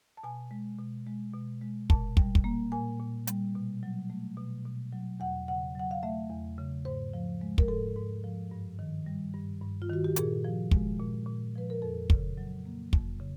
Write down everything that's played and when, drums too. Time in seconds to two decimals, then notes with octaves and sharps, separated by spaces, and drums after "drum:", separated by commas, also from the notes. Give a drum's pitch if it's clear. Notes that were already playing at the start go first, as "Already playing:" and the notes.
0.17 A5
0.24 B2 G#5
0.51 G#3
0.79 B2
1.07 G#3
1.34 B2
1.62 G#3
1.90 A#2 A5, drum: kick
2.17 G3, drum: kick
2.35 drum: kick
2.44 A#3
2.72 A#2 G#5
3.00 A#2
3.27 G3, drum: hi-hat
3.55 B2
3.83 F#3
4.10 A3
4.37 B2
4.65 B2
4.92 F#3
5.20 E2 F#5
5.48 C#3 F#5
5.75 F#3 F#5
5.91 F5
6.03 A3 E5
6.31 E2
6.58 C#3
6.85 G#2 C5
7.13 F3
7.41 G#3
7.58 A#4, drum: kick
7.68 G#2 A4
7.96 G#2
8.24 F3
8.51 G2
8.79 D#3
9.06 G3
9.33 G2
9.61 G2
9.82 F4
9.90 D#3 F#4
10.04 G4
10.16 A#2 G#4, drum: hi-hat
10.44 F3
10.71 G#3, drum: kick
10.99 A#2
11.27 A#2
11.55 F3 B4
11.70 A#4
11.82 F2 A4
12.10 C#3, drum: kick
12.38 F#3
12.65 A#3
12.93 F2, drum: kick
13.20 C#3